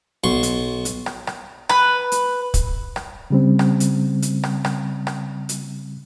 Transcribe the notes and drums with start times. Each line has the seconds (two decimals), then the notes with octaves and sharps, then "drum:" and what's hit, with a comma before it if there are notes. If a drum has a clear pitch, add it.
0.24 B1 C6 C#6
0.43 drum: hi-hat
0.85 drum: hi-hat
1.06 drum: rim click
1.27 drum: rim click
1.69 B4, drum: rim click
2.12 drum: hi-hat
2.54 drum: kick, hi-hat
2.96 drum: rim click
3.30 C#3 G3 C4
3.59 drum: rim click
3.80 drum: hi-hat
4.22 drum: hi-hat
4.43 drum: rim click
4.65 drum: rim click
5.07 drum: rim click
5.49 drum: hi-hat